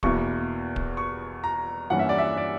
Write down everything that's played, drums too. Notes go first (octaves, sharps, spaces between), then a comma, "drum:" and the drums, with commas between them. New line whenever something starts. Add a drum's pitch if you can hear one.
E2 B2 A#3 E4 C#6, drum: kick D1
drum: kick D1
C#6
A#5
G2 E3 G3 A#3 C#4 F#5
E5
D5
E5
D5